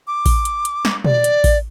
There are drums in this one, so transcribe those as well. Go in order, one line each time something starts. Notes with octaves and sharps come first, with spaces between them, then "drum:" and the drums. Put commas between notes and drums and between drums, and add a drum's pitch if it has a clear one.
D6
drum: kick A1, open hi-hat
drum: hi-hat
drum: hi-hat
drum: snare
D5, drum: tom
drum: hi-hat
drum: kick A1, open hi-hat